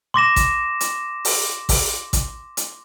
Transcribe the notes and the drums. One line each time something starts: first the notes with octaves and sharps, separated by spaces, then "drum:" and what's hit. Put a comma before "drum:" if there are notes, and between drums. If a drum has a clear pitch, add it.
C6 D6 A#6 E7
drum: kick A1, hi-hat
drum: hi-hat
drum: open hi-hat
drum: kick A1, open hi-hat
drum: kick A1, hi-hat
drum: hi-hat